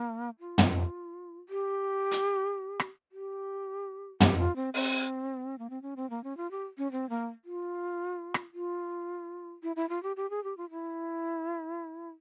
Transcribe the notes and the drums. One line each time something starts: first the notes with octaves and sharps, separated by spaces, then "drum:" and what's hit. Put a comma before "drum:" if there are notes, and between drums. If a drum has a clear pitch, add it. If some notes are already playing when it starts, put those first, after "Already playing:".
Already playing: A#3
F4
drum: tom
G4
drum: hi-hat
drum: rim click
G4
G4, drum: tom
F4
C4
C4, drum: open hi-hat
A#3
C4
C#4
C4
A#3
C#4
F4
G4
C#4
C4
A#3
F4
drum: rim click
F4
E4
E4
F4
G4
G4
G#4
G4
F4
E4